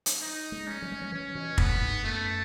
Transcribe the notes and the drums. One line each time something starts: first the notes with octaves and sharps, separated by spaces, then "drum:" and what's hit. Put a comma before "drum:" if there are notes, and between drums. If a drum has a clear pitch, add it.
drum: hi-hat
D#4
G#3
C#4
F#3
G#3
F#3
E3 C#4
B2
A2 B3, drum: kick
G#2
F#2 A3